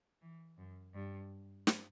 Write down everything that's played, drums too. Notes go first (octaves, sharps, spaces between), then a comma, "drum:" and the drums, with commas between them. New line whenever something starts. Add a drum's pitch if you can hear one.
E3
F#2
G2
drum: snare